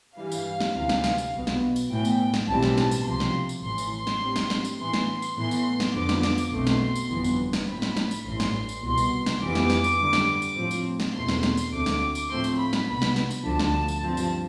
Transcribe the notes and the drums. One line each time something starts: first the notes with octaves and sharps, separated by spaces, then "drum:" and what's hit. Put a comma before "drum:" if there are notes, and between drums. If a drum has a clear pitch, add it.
G2 E3 G3 F5
drum: tambourine
drum: snare
D2 C3 E3
drum: snare
drum: snare
drum: tambourine
B1 B2 B3
drum: snare
drum: tambourine
A2 E3 B3 G5
drum: tambourine
drum: snare
B1 A2 E3 G3 C4 A5
drum: snare
A5, drum: snare
drum: tambourine
C2 C3 F3 C6
drum: snare
drum: tambourine
A1 A2 E3 C6
drum: tambourine
C6
drum: snare
A2 G3 C4
drum: snare
drum: snare
drum: tambourine
A2 E3 B3 C6
drum: snare
drum: tambourine
A2 E3 B3 C6
drum: tambourine
drum: snare
F2 D3 F3 B3 D6
drum: snare
drum: snare
drum: tambourine
B1 B2 A3 C4 C6
drum: snare
drum: tambourine
G1 F2 E3 B3
drum: tambourine
drum: snare
A2 F3 C4 B5
drum: snare
drum: snare
drum: tambourine
A1 G2 E3 C6
drum: snare
drum: tambourine
C2 B2 B3 C6
drum: tambourine
drum: snare
F2 E3 G3 B3 D6
drum: snare
drum: snare
drum: tambourine
G2 D3 G3
drum: snare
drum: tambourine
A2 F3 C4
drum: tambourine
drum: snare
E2 B2 A3 C4 C6
drum: snare
drum: snare
drum: tambourine
D2 D3 A3 C4 D6
drum: snare
drum: tambourine
A2 F3 A3 C4 C6
drum: tambourine
B5
drum: snare
C2 B2 B3 B5
drum: snare
drum: snare
drum: tambourine
D2 D3 F3 A5
drum: snare
drum: tambourine
G2 F3 C4
drum: tambourine